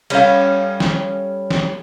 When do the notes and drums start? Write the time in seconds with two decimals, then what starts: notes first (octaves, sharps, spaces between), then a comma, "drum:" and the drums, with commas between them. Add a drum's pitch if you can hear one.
0.10 G3 C#4 A4 F5, drum: cymbal
0.80 drum: snare
1.51 drum: snare